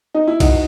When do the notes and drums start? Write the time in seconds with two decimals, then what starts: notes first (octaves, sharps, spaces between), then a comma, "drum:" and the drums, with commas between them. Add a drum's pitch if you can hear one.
0.15 D#4
0.27 E4
0.40 D#4 F#4, drum: kick B1, cymbal